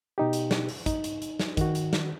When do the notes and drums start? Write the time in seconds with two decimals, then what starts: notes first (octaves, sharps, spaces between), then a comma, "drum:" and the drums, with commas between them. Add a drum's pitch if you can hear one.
0.18 B2 D#4 G4
0.33 drum: hi-hat
0.51 drum: snare
0.69 drum: open hi-hat
0.86 D#4, drum: kick, hi-hat
1.04 drum: hi-hat
1.22 drum: hi-hat
1.39 drum: snare
1.57 D#3 F#4, drum: kick, hi-hat
1.75 drum: hi-hat
1.93 drum: snare